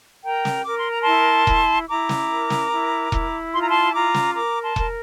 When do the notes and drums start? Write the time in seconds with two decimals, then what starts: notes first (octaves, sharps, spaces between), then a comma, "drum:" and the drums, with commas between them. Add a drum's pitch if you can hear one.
0.24 A#4 G5 A#5
0.45 drum: snare
0.65 A#4 D6
0.79 C6
0.91 A#5
1.03 E4 A5 C6
1.47 E4, drum: kick E1
1.88 E4 A#5 D6
2.09 drum: snare
2.30 A#4
2.50 drum: snare
2.71 E4
3.12 E4, drum: kick E1
3.53 F4 C6
3.60 A#5
3.69 A5 C6
3.93 F4 A#5 D6
4.14 drum: snare
4.34 A#4 A#5 D6
4.62 A5 C6
4.76 A#4, drum: kick E1